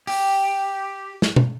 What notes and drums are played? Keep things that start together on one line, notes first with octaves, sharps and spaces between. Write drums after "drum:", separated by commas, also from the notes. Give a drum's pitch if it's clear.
G4, drum: open hi-hat
drum: snare
drum: tom